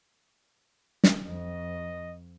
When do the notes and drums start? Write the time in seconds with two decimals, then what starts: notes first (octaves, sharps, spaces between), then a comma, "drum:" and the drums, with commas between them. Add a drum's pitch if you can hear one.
1.04 drum: snare
1.26 F2 D#5